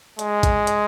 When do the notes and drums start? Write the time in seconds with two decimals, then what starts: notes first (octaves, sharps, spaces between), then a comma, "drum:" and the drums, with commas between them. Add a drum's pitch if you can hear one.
0.19 G#3, drum: hi-hat
0.43 drum: kick, hi-hat
0.67 drum: hi-hat